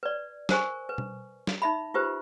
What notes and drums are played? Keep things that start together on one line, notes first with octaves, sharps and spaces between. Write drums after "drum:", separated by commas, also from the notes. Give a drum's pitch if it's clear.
B4 D5
A#4 C5 G#5 C#6, drum: snare
B4
drum: tom
drum: snare
D#4 E5 B5
F4 G4 B4 C5